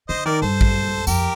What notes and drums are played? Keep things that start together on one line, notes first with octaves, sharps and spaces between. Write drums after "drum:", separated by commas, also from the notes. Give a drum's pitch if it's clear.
D3 C5 D#5
D#3 A#4 D5
G2 A4 C5
drum: kick A1
F2 G4 A#4, drum: tambourine